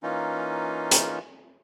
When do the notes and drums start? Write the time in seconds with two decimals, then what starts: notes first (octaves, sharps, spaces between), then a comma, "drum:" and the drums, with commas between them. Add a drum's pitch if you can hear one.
0.03 E3 A#3 C#4 D#4 F4
0.91 drum: hi-hat